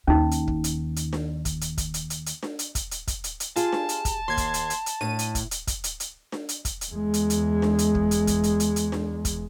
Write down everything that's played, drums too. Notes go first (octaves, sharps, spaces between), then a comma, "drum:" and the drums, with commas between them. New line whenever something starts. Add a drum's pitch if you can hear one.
D#2 C#4 D#4
drum: hi-hat
drum: kick
drum: hi-hat
drum: hi-hat
drum: snare D4
drum: kick, hi-hat
drum: hi-hat
drum: kick, hi-hat
drum: hi-hat
drum: hi-hat
drum: hi-hat
drum: snare D4
drum: hi-hat
drum: kick, hi-hat
drum: hi-hat
drum: kick, hi-hat
drum: hi-hat
drum: hi-hat
F4 G4 G#4 A5, drum: hi-hat
drum: snare D4
drum: hi-hat
drum: kick, hi-hat
D#2 C6 G#6
drum: kick, hi-hat
drum: hi-hat
drum: hi-hat
drum: hi-hat
A2 D#7, drum: snare D4
drum: hi-hat
drum: kick, hi-hat
drum: hi-hat
drum: kick, hi-hat
drum: hi-hat
drum: hi-hat
drum: snare D4
drum: hi-hat
drum: kick, hi-hat
drum: hi-hat
E2 G#3
drum: hi-hat
drum: hi-hat
drum: snare D4
drum: hi-hat
drum: kick
drum: hi-hat
drum: kick, hi-hat
drum: hi-hat
drum: hi-hat
drum: hi-hat
drum: snare D4
drum: kick, hi-hat